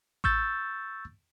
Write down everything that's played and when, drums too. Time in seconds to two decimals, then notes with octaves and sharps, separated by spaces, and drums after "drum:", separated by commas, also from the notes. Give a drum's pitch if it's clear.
0.24 C#6 E6 G6 A6, drum: kick A1